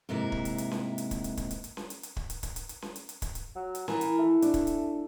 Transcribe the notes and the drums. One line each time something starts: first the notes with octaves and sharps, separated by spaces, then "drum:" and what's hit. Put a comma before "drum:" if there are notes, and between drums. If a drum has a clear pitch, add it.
G#2 C3 A#3 E4
drum: kick
drum: hi-hat
drum: hi-hat
drum: snare C#4
drum: hi-hat
drum: kick, hi-hat
drum: hi-hat
drum: kick, hi-hat
drum: hi-hat
drum: hi-hat
drum: snare C#4
drum: hi-hat
drum: hi-hat
drum: kick
drum: hi-hat
drum: kick, hi-hat
drum: hi-hat
drum: hi-hat
drum: snare C#4
drum: hi-hat
drum: hi-hat
drum: kick, hi-hat
drum: hi-hat
F#3
drum: hi-hat
E3 A#4, drum: snare C#4
drum: hi-hat
A3
D4, drum: hi-hat
drum: kick, hi-hat
drum: hi-hat